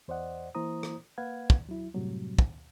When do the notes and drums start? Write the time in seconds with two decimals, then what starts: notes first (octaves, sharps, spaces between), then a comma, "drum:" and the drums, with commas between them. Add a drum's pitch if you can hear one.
0.08 E2 C5 D5 D#5 F#5
0.55 E3 A#3 E4 C5 A#5 D#6
0.83 drum: rim click
1.18 A#3 B4 F5 F#5 G#6
1.50 drum: kick
1.69 F#3 E4
1.94 F#2 A2 C3 F#3 G3
2.39 drum: kick